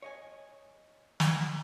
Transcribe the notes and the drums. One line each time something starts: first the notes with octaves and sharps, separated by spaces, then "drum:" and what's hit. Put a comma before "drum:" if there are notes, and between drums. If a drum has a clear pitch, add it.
C#5 D#5 G#5
drum: snare